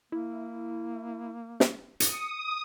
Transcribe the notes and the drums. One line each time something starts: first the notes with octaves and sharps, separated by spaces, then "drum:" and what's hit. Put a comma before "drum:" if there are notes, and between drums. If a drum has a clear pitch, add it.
A#3 E4
drum: snare
D#6 C#7, drum: hi-hat